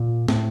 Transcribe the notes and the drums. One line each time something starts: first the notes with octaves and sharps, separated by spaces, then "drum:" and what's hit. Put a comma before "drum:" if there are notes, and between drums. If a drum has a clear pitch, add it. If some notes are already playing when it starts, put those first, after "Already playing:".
Already playing: A#2
A2, drum: snare